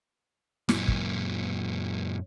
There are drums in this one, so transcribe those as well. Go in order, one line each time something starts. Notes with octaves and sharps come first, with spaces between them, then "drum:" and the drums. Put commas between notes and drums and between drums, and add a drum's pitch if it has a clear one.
F#2 A#2, drum: snare
drum: kick